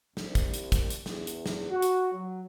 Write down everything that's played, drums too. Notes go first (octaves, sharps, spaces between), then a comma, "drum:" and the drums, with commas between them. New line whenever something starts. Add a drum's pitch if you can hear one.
C2, drum: snare
drum: kick, hi-hat
drum: hi-hat
drum: kick, hi-hat
drum: hi-hat
E2, drum: snare
drum: hi-hat
drum: snare
F#4
drum: hi-hat
F#3